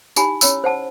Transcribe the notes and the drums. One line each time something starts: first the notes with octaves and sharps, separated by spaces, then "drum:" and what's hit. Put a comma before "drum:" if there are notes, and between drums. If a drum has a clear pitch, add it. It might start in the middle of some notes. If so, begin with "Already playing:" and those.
D#4 E4 G4 G#5 A#5 B5, drum: tambourine
C#4 E4 C#5 B5 E6, drum: tambourine
C5 F#5 A5